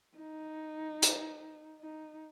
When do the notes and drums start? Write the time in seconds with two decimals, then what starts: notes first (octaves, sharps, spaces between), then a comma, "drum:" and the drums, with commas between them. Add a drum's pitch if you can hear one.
0.17 D#4
1.02 drum: hi-hat
1.81 D#4